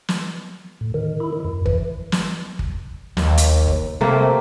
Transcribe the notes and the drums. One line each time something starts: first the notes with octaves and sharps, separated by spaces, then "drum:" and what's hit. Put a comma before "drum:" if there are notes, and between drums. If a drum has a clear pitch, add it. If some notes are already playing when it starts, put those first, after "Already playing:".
drum: snare
A2
D#3
E4
D#3
F#2
E3, drum: kick
drum: snare
drum: kick
D#2, drum: snare
drum: hi-hat
drum: kick
C3 A3 A#3 C4